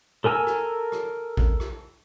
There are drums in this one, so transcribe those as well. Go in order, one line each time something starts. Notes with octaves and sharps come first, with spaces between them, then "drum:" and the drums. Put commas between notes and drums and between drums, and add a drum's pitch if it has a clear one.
A4 A#4 G#5 E6
drum: rim click
drum: rim click
drum: kick A1
drum: rim click